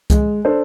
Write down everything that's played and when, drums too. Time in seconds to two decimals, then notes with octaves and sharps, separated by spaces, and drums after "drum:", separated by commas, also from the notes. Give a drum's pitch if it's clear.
0.10 G#3, drum: kick C2, hi-hat
0.45 D4 A4 C5